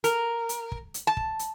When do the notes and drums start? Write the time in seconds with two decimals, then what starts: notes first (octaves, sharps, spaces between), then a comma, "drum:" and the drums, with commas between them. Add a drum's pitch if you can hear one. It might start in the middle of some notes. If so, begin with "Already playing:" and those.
0.04 A#4, drum: hi-hat
0.49 drum: hi-hat
0.72 drum: kick
0.94 drum: hi-hat
1.07 A5
1.17 drum: kick
1.39 drum: hi-hat